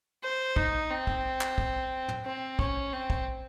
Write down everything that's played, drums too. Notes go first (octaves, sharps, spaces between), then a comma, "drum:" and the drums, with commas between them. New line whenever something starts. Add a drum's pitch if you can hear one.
C5
D#4, drum: kick
C4
drum: kick
drum: clap
drum: kick
drum: tom
C4
C#4, drum: kick
C4
drum: kick